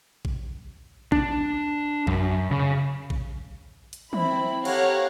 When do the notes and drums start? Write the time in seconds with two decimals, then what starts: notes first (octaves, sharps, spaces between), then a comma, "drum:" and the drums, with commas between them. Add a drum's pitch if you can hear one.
0.25 drum: kick A1
1.12 D4, drum: kick A1
2.07 F#2, drum: kick A1
2.51 C#3
3.10 drum: kick A1
3.93 drum: hi-hat
4.13 C4 E4 B5, drum: tom
4.65 G4 A4 C#5 F5 F#5 A#5, drum: cymbal